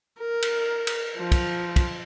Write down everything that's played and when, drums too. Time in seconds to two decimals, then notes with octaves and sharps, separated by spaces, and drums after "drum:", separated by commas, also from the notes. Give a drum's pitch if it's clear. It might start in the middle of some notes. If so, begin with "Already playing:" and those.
0.20 A#4
0.42 drum: cymbal
0.87 drum: cymbal
1.17 F3
1.32 drum: kick, cymbal
1.76 drum: kick, cymbal